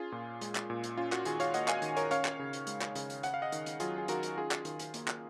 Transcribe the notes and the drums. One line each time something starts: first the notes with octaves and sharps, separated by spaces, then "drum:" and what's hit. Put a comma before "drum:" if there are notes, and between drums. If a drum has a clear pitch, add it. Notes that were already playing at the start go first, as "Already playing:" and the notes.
Already playing: C#4 F4 G#4
A#2
G#3, drum: hi-hat
drum: clap
A#2
drum: hi-hat
C#4 F4
F#4, drum: clap
D#3 F4 G#4, drum: hi-hat
C#5 F5, drum: hi-hat
A#3 D#5 F#5, drum: hi-hat
F5 G#5, drum: clap
D#3, drum: hi-hat
A#4 C#5, drum: hi-hat
C#4 C#5 F5, drum: hi-hat
drum: clap
C#3
drum: hi-hat
G#3, drum: hi-hat
drum: clap
C#3, drum: hi-hat
drum: hi-hat
C#4 F#5, drum: hi-hat
F5
D#5 F#5
D#3, drum: hi-hat
drum: hi-hat
F#3 F4 G#4, drum: hi-hat
G#4
D#3 F#4 A#4, drum: hi-hat
drum: hi-hat
C#4 F4 G#4
drum: clap
D#3, drum: hi-hat
drum: hi-hat
A#3, drum: hi-hat
drum: clap